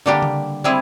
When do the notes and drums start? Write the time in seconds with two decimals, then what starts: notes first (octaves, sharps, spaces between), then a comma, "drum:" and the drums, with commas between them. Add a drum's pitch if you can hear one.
0.06 D3 G3 A#3 D4 G4
0.22 drum: tom C#3
0.64 G3 C4 E4 G#4